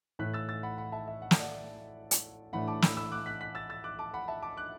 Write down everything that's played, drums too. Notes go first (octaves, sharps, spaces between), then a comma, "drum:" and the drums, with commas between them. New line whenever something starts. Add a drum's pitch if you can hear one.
A2 E3 A3 F#6 B6
E6 A6
E6 A6
F#5 B5
F#5 B5
E5 A5
E5
F#5
A5, drum: snare
D5 F#5
drum: hi-hat
A2 E3 A3 D4 F#5 B5
A5 D6
B5 E6, drum: snare
B5 E6
D6 F#6
F#6 B6
F#6 B6
E6 A6
E6 A6
D6 F#6
A5 D6
F#5 B5
E5 A5
A5 D6
D6 F#6